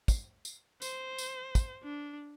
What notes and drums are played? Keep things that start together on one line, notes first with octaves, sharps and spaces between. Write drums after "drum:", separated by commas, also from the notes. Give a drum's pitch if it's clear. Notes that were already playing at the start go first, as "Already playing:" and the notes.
drum: kick, tambourine
drum: tambourine
C5, drum: tambourine
drum: tambourine
drum: kick, tambourine
D4